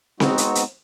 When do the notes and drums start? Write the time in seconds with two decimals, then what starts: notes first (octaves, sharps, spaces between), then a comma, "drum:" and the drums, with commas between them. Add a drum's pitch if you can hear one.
0.20 G#3 B3 C4 D#4 F#4, drum: snare C4
0.38 drum: hi-hat
0.55 drum: hi-hat